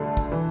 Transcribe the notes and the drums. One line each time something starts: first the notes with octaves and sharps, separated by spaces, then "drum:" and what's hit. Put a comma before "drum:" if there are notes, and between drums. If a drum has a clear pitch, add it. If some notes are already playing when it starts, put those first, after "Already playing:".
Already playing: D2 D3 A3 D4 A4
drum: kick
E3